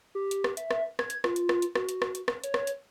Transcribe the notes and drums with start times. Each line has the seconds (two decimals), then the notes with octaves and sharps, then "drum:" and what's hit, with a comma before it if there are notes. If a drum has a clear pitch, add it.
0.15 G4
0.31 drum: hi-hat
0.44 drum: rim click
0.57 E5, drum: hi-hat
0.71 drum: rim click
0.99 G#6, drum: rim click
1.10 drum: hi-hat
1.24 F4, drum: rim click
1.36 drum: hi-hat
1.49 drum: rim click
1.62 drum: hi-hat
1.75 F#4, drum: rim click
1.89 drum: hi-hat
2.02 drum: rim click
2.15 drum: hi-hat
2.28 drum: rim click
2.44 C#5, drum: hi-hat
2.54 drum: rim click
2.67 drum: hi-hat